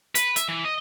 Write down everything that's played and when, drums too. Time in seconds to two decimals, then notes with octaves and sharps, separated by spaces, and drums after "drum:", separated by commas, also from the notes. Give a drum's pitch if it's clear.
0.15 B4, drum: hi-hat
0.36 E5, drum: hi-hat
0.48 E3
0.65 D#5